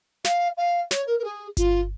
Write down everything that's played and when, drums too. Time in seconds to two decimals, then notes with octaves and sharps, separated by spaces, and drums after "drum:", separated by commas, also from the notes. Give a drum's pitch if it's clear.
0.24 F5, drum: snare
0.57 F5
0.91 C#5, drum: snare
1.06 A#4
1.19 A#4
1.24 G#4
1.57 F4, drum: kick G1, hi-hat